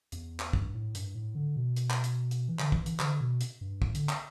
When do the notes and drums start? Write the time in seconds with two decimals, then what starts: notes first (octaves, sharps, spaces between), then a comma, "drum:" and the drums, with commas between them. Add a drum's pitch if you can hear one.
0.12 E2, drum: hi-hat
0.40 drum: clap
0.53 G2, drum: kick
0.74 A2
0.95 G2, drum: hi-hat
1.14 A2
1.35 D3
1.56 B2
1.76 drum: hi-hat
1.90 drum: clap
2.04 drum: hi-hat
2.31 drum: hi-hat
2.48 E3
2.59 D3, drum: clap
2.72 E3, drum: kick
2.86 E3, drum: hi-hat
2.99 D3, drum: clap
3.21 B2
3.41 drum: hi-hat
3.61 G2
3.82 A2, drum: kick
3.95 D3, drum: hi-hat
4.09 drum: clap